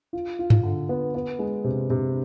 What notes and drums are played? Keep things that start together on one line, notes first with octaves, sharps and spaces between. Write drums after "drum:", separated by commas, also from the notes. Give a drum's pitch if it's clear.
F4
F4
drum: tom G2
D3
B3
B3
G#3
C3
C3